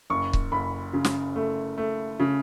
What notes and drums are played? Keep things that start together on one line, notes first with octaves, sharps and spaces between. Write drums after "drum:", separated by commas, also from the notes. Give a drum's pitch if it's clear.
F#1 C#6
drum: kick C#1
F#1 B5
C#3
drum: snare
A3
A3
C#3